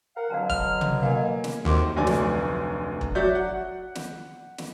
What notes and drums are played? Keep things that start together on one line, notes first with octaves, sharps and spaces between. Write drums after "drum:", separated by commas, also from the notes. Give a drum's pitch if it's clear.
A#4 F5 F#5
B2 D3 F#3 F5 A5 A#5
F6, drum: kick E1
drum: tom
A#3 D#5 F5 G#5
drum: snare
D#2 A2 C4 D#4 F4 F#4 D6
F1 D2 F#3 D5 G#5
drum: snare
drum: kick E1
F#3 F#4 C#5 D5 E5 G6
F#5
drum: snare
drum: snare